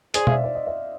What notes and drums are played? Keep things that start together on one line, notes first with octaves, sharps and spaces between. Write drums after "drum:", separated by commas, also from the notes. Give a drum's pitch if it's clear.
G#4 C5 D5, drum: hi-hat
F5, drum: tom B2
D5 E5
D5
D#5
D5 E5